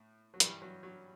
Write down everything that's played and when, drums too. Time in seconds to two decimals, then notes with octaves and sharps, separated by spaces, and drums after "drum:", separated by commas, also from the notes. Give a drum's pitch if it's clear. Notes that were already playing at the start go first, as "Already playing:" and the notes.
Already playing: A2
0.34 F#3
0.40 G2 E3 G3, drum: hi-hat
0.62 F#3
0.83 F#3